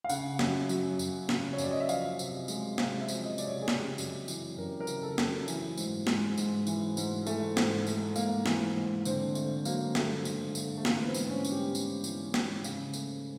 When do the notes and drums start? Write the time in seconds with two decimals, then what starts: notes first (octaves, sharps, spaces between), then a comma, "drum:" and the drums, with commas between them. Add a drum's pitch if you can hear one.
0.04 F5
0.09 C#3 F#5, drum: tambourine
0.39 F#2, drum: snare
0.69 F#3, drum: tambourine
0.99 F#2, drum: tambourine
1.29 C#3, drum: snare
1.53 C#5
1.58 F#2 D5, drum: tambourine
1.71 D#5
1.80 E5
1.89 F3 F5, drum: tambourine
2.19 C3, drum: tambourine
2.48 G#3, drum: tambourine
2.78 C3 F5, drum: snare
3.01 E5
3.08 F3, drum: tambourine
3.24 D#5
3.38 C3 D5, drum: tambourine
3.45 C#5
3.62 G#4
3.68 C#3 G4, drum: snare
3.98 F#2, drum: tambourine
4.28 E3, drum: tambourine
4.57 F#2 A#4
4.80 A#4
4.87 C#3, drum: tambourine
5.03 A4
5.18 F#2, drum: snare
5.25 A4
5.48 E3, drum: tambourine
5.77 G#2, drum: tambourine
6.07 G#3, drum: snare
6.37 G#2, drum: tambourine
6.67 E3, drum: tambourine
6.97 G#2, drum: tambourine
7.27 E3 A3, drum: tambourine
7.57 G#2, drum: snare
7.87 A3, drum: tambourine
8.16 G#2 A#3, drum: tambourine
8.46 E3, drum: snare
8.76 G#2
9.05 D3 C4, drum: tambourine
9.35 A3, drum: tambourine
9.65 F#3 A#3, drum: tambourine
9.95 G2 A3, drum: snare
10.25 D3, drum: tambourine
10.55 A3, drum: tambourine
10.77 A3
10.85 E3 A#3, drum: snare
11.02 B3
11.07 C4
11.14 G#2, drum: tambourine
11.23 C4
11.30 C#4
11.45 G3, drum: tambourine
11.52 G4
11.75 G#2, drum: tambourine
12.04 E3, drum: tambourine
12.34 G#2, drum: snare
12.64 C#3, drum: tambourine
12.93 A3, drum: tambourine